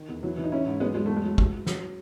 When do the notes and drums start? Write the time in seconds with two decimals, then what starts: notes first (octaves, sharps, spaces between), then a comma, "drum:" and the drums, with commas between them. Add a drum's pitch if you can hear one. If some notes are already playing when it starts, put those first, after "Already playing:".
Already playing: D#3
0.09 E2
0.23 E3 F#3
0.37 E3
0.44 D#4
0.52 E3 C#4 E4
0.66 G#2
0.80 F#3 G#3 B3
0.95 F#3 G#3
1.06 E2 A3
1.16 G#3
1.24 F#3
1.38 F#3, drum: kick
1.53 F#3
1.67 F#3, drum: snare